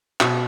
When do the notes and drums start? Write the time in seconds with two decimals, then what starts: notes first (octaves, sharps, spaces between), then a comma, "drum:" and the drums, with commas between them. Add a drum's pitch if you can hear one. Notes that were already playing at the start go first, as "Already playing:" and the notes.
0.21 B2, drum: clap